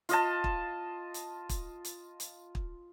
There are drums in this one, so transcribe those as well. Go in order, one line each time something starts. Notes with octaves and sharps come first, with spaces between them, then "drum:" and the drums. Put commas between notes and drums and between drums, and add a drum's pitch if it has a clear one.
F4 D#5 A5, drum: hi-hat
drum: kick
drum: hi-hat
drum: kick, hi-hat
drum: hi-hat
drum: hi-hat
drum: kick